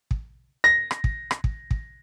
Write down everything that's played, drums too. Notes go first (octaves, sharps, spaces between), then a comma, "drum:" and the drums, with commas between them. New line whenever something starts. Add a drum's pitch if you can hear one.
drum: kick
A#6
drum: rim click
drum: kick
drum: rim click
drum: kick
drum: kick